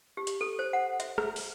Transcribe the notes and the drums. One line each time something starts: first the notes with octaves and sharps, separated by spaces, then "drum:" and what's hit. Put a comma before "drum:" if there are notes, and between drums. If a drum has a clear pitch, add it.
G4
drum: hi-hat
A4
C5
F#5
E5, drum: hi-hat
drum: rim click
drum: open hi-hat